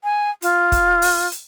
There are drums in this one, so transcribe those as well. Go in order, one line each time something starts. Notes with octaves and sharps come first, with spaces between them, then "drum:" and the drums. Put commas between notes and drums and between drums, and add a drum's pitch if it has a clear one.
G#5
F4, drum: hi-hat
drum: kick, hi-hat
drum: open hi-hat
drum: hi-hat